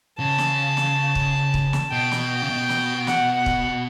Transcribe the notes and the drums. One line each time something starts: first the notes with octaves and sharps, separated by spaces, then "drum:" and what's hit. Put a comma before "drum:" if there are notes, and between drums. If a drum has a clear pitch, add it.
C#3 A5
drum: snare
drum: snare
drum: kick
drum: kick
drum: snare
B2 G5
drum: snare
C#3
B2
drum: snare
F#5, drum: snare
F#5
drum: kick